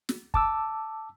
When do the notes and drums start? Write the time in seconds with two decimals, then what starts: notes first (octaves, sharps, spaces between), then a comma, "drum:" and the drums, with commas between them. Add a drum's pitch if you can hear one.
0.09 drum: snare
0.34 A5 D6 E6, drum: kick